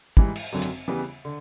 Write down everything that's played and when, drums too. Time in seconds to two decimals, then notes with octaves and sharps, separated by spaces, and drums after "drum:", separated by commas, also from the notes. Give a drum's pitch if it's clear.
0.17 G#2 E3 G3, drum: kick
0.36 drum: cymbal
0.53 G#1 F#2 D3 F#3
0.62 drum: hi-hat
0.88 C#3 E3 G3 B3
1.25 D3